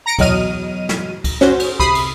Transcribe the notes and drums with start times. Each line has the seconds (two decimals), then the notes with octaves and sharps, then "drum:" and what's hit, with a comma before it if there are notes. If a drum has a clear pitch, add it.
0.06 A#5 A#6 C#7 D7
0.19 E2 B2 F#3 D#5 F6 D#7, drum: kick C#2, cymbal
0.89 drum: snare
1.24 drum: kick C#2, cymbal
1.41 C#4 F#4 C5, drum: snare
1.60 drum: cymbal
1.79 C3 B5 D#6 C7, drum: kick C#2
1.95 drum: cymbal